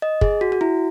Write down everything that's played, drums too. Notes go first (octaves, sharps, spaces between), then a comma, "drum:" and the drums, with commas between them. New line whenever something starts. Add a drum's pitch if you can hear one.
D#5
G#4, drum: kick
F#4
F#4
E4